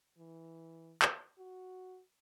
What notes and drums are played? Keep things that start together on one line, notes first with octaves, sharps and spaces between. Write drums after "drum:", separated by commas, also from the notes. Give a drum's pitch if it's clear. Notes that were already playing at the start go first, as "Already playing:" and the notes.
E3
drum: clap
F#4